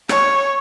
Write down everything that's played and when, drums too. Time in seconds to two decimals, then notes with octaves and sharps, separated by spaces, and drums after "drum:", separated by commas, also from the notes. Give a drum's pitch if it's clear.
0.09 C#5, drum: rim click